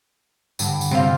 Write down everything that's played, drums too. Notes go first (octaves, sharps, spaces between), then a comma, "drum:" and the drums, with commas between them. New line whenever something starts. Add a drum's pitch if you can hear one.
G2 D3, drum: tambourine
drum: tambourine
C3 C4 F4